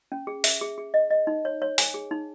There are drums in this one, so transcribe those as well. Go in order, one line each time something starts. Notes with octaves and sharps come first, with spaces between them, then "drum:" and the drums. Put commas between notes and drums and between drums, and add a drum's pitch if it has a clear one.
C#4
G#4
E5, drum: open hi-hat
G#4
G#4
D#5
D#5
D#4
C#5
C#5
G#5, drum: open hi-hat
G#4
D#4